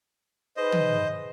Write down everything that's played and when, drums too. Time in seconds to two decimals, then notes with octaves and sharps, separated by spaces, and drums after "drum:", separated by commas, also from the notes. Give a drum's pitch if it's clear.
0.57 D#4 G#4 B4 C5 D#5
0.72 drum: tom